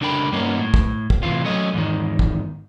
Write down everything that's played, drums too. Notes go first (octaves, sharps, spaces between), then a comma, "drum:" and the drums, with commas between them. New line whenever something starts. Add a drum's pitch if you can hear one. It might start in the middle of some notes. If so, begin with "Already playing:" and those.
C#2 D3 D4 A#4 G5 B5
G2 A#3 B3 C#4 D#4
A2
drum: kick
drum: kick
A2 C3 D#3 E3 F4
F#3 A3 C#4 D#5
E2 G#2 D#3
drum: kick